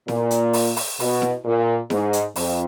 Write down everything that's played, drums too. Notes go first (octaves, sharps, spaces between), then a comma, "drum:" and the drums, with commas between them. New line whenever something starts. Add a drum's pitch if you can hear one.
A#2, drum: snare E4
drum: hi-hat
drum: open hi-hat
drum: open hi-hat
B2, drum: open hi-hat
drum: snare E4
A#2
G#2, drum: snare E4
drum: hi-hat
F2, drum: open hi-hat